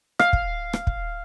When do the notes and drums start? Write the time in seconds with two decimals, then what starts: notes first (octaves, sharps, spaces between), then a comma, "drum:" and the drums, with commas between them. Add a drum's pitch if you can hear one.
0.19 F5, drum: rim click
0.33 drum: kick
0.73 drum: rim click
0.87 drum: kick